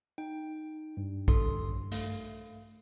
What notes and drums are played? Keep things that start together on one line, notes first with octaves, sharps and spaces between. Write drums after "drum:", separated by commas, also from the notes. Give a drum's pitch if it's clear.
D#4 G5
G2
A4 C6 D#6, drum: kick A#1
A3 F5, drum: hi-hat